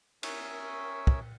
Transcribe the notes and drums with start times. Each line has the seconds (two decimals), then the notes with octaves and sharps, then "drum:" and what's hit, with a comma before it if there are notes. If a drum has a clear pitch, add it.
0.23 C#4 A#4 C#5 E5 D#6 E6, drum: cymbal
1.07 drum: kick